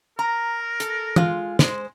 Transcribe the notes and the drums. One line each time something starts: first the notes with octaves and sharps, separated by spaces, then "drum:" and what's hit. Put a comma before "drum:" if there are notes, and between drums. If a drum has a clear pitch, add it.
A#4 A#5
A4, drum: hi-hat
G#3 F4, drum: tom
G#3 C5, drum: snare